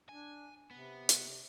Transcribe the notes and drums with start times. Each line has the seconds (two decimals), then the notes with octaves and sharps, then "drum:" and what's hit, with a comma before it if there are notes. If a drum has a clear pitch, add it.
0.09 D4 G#5
0.71 C3 B3
1.09 drum: hi-hat